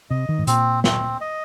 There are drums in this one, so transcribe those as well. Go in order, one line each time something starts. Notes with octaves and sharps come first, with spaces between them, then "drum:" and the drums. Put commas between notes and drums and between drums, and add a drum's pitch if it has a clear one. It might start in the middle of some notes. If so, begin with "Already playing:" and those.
C3 D#5
D#3
G#2
A#2 C4, drum: hi-hat
C4, drum: snare
D#5